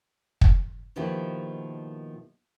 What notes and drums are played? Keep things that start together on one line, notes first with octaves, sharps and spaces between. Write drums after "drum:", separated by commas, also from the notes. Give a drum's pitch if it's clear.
drum: kick
B2 D#3 F3 A#3 E4 G4